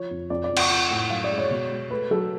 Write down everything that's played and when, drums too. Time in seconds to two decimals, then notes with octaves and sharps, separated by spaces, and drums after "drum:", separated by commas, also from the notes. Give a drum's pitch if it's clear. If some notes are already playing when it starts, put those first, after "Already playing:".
Already playing: F3 C#5
0.11 F2
0.30 F2 D5
0.44 D5
0.51 F2
0.57 F#5, drum: cymbal
0.70 F3 F#5
0.91 A2 F#5
1.10 F#2 F5
1.24 D5
1.31 G#3
1.38 C#5
1.51 B2
1.71 G#3
1.90 A3 B4
2.10 F#3 A4